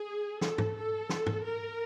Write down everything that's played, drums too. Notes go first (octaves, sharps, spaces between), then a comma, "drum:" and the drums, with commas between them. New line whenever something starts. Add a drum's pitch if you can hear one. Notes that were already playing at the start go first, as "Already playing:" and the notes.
Already playing: G#4
A4, drum: snare
drum: tom G#2
A4
drum: snare
drum: tom G#2
A#4